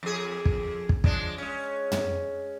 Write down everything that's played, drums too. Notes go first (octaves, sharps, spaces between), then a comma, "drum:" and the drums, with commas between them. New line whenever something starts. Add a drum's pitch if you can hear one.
F2 G#4
drum: kick
drum: kick
F3 G#3 D4, drum: kick
G#3 C#4
drum: tom